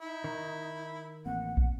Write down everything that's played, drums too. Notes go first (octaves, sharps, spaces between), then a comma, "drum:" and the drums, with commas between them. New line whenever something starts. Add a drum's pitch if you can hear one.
D#4 E4
D#3
A1 A#3 C4 F#5
drum: kick